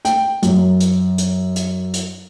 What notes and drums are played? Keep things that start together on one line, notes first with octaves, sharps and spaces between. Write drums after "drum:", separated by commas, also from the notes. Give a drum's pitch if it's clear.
G5, drum: hi-hat
F#2, drum: hi-hat
drum: hi-hat
drum: hi-hat
drum: hi-hat
drum: hi-hat